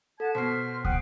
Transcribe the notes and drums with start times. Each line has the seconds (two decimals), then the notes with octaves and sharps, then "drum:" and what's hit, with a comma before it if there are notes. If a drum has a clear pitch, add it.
0.20 A4 F#5 A5 G#6
0.35 B2 C5 F6 B6 C7
0.85 F#5 G5 D#6 F#6 C7, drum: kick